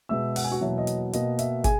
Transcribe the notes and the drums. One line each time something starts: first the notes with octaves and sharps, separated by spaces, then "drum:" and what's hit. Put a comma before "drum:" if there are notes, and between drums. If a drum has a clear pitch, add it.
B2 G#3 B3 E5 E6
F#5, drum: open hi-hat
G#5
F#4 F#5
E2 B2 F#3 A#3 E5
D#5
drum: hi-hat
B2 A#3 D#5, drum: hi-hat
E5, drum: hi-hat
G#4 G#5, drum: kick, hi-hat